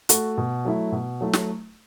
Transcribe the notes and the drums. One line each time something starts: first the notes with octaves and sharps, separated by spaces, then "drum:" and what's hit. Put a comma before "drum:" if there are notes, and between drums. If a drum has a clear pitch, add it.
A3 F#4 A4, drum: hi-hat
B2
F#3 A3 E4
B2
F#3 A3 E4
drum: snare